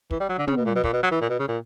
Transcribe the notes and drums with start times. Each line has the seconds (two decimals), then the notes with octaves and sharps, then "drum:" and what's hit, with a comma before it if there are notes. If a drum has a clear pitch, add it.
0.11 E3, drum: kick
0.20 G3
0.29 F#3
0.38 D3
0.47 C#3, drum: tom
0.56 B2
0.65 A#2
0.75 B2
0.84 A#2, drum: kick
0.93 B2
1.03 F#3
1.11 E3
1.21 A#2
1.30 B2
1.39 C#3
1.48 A#2